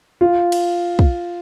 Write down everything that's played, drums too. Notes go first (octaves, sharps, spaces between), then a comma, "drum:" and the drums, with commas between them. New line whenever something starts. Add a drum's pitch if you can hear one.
F4
drum: cymbal
drum: kick